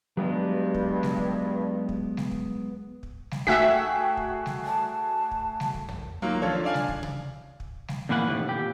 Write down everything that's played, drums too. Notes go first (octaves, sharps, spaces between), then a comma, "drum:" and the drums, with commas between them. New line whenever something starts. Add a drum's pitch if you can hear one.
G2 F#3 G#3 B3
drum: kick
drum: snare G3
drum: kick
drum: kick
drum: snare G3
drum: kick
drum: kick
drum: snare G3
A3 F#4 G#4 E5 F#5 G5 B6, drum: kick
drum: kick
drum: snare G3
A5
drum: kick
drum: snare G3
drum: kick
drum: tom
D#3 F#3 A#3 F4
F3 D4 F4 A4 C#5
D4 D5 F5 G#5
drum: snare G3
drum: kick
drum: tom C3
drum: kick
drum: snare G3
F2 A#2 E3 A#3 B4 F#5
A2 C3 D#3
A#2 E3 G4